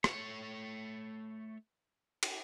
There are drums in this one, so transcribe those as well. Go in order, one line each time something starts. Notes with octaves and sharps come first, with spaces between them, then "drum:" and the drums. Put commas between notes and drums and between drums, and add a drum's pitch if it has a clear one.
A3 C#5, drum: rim click
drum: cymbal